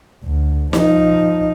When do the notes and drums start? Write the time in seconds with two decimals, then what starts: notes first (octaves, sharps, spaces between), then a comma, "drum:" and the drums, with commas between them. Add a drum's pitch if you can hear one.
0.24 D2
0.73 F3 D#4, drum: snare